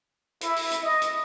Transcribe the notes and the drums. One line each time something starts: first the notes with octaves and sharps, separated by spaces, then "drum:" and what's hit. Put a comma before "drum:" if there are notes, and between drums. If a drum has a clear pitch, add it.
E4, drum: hi-hat
drum: open hi-hat
drum: hi-hat
D#5
drum: hi-hat